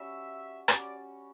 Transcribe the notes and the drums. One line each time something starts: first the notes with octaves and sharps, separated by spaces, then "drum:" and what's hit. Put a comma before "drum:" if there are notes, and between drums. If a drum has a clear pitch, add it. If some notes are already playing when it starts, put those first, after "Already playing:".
Already playing: G3 C#4 F#4 E5
G3 C#4 F#4 D5, drum: rim click